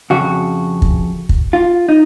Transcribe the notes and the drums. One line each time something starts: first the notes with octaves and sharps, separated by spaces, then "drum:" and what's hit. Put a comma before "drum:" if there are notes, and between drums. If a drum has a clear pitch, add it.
F2 C#3 F#4
drum: kick
drum: kick
F4
D#4